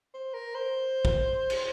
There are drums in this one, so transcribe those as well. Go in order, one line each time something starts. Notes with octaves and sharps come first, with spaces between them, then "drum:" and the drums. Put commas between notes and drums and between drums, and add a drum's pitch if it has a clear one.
C5
A#4
C5
drum: kick
drum: cymbal